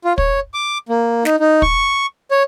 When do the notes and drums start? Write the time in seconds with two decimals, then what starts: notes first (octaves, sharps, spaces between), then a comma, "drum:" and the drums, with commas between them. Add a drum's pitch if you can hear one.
0.05 F4
0.18 C#5, drum: kick
0.54 D6
0.89 A#3
1.25 D#4, drum: snare
1.40 D#4
1.62 C#6, drum: kick
2.31 C#5